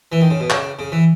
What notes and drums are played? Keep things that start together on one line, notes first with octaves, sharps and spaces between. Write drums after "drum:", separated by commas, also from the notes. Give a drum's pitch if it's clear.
E3
D#3
C#3
B2
C#3, drum: clap
C#3
E3